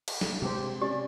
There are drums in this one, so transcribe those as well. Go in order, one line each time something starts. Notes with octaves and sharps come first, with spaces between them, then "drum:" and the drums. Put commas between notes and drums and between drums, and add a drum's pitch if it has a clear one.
drum: cymbal
drum: snare
C3 G#3 G4 C5
C#4 G4 D5